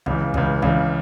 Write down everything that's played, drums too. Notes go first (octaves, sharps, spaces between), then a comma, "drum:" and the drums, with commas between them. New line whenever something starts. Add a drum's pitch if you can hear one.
C#2 C#3 E3, drum: kick
C#2 C#3 E3, drum: kick
C#2 C#3 E3, drum: kick